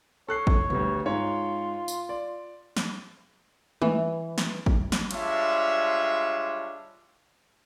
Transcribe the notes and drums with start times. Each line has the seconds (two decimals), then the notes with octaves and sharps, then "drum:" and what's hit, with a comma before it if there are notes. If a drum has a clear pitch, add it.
0.29 A4 C#5 F#6 C7
0.47 drum: kick
0.70 D2 G3 B3, drum: tom A#2
1.06 G#2 F4 C#5
1.88 drum: tambourine
2.09 D5
2.77 drum: snare
3.82 E3, drum: tom G3
4.38 drum: snare
4.66 drum: kick
4.92 drum: snare
5.11 G3 G#3 D4 F4 C#5 E5, drum: cymbal